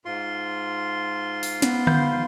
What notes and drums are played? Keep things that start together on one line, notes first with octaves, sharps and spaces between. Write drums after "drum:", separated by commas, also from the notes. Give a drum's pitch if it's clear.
G#2 F4 C6
drum: open hi-hat
B3, drum: snare
F5 B5 G6, drum: tom D3